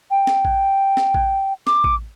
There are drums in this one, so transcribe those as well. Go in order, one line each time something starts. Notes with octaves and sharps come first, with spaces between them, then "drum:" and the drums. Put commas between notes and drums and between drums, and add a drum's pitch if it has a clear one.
G5
drum: snare
drum: kick A1
drum: snare
drum: kick A1
D6, drum: snare
drum: kick A1